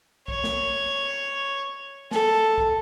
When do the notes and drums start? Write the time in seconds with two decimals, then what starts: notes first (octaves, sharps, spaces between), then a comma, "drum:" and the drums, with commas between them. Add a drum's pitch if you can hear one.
0.28 C#5, drum: kick
0.44 drum: snare
2.11 A4, drum: snare
2.58 drum: kick